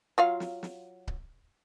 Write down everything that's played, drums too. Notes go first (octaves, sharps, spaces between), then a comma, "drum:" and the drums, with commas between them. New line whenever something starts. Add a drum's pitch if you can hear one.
F#3 F4 F5
drum: snare
drum: snare
drum: kick C#1